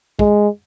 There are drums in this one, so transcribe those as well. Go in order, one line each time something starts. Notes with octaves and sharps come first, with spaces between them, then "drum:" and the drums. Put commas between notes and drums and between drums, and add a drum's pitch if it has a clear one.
G#3, drum: kick